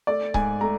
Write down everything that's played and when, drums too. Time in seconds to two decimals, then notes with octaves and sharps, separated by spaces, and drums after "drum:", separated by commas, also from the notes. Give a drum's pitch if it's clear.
0.07 A3 D5
0.34 G#2 G#5, drum: kick C#1
0.61 A3 A#5